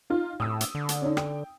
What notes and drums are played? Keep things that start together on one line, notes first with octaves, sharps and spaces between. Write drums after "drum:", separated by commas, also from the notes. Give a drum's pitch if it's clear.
D#4 F4
A2 D#6 E6
drum: hi-hat
D3
drum: hi-hat
C#4 D#4
G5, drum: rim click